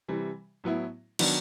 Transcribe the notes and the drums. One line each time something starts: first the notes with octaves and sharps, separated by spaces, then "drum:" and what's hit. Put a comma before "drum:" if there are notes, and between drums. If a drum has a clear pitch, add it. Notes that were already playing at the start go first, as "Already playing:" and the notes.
C3 E3 G3
A2 F#3 B3 E4
D#3 F#3 B3 D4, drum: cymbal